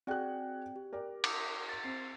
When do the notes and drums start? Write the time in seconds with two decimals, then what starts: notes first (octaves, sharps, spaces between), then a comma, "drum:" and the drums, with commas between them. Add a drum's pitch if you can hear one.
0.07 C4 F#4 G#4 D5 G5 F#6
0.76 G4
0.93 A#4 D5 G5
1.24 D6 D#6, drum: cymbal
1.69 A6
1.84 C4 C7